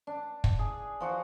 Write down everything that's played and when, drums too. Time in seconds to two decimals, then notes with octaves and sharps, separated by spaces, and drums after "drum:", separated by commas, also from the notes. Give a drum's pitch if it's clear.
0.07 D4
0.44 drum: kick
0.59 G#4
1.00 F3 F#4 F#5